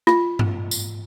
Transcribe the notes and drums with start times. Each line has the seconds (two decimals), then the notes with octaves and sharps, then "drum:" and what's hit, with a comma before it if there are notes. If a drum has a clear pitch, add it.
0.07 F4, drum: rim click
0.39 drum: tom G2
0.71 drum: tambourine